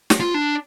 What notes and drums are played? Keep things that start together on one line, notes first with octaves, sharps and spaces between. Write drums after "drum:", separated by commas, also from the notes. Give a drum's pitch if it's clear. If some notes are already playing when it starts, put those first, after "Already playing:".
drum: snare
F4
D4